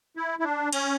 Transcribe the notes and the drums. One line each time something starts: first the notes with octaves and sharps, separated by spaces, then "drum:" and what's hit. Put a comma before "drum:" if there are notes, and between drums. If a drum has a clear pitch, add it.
E4
E4
D4
C#4, drum: cymbal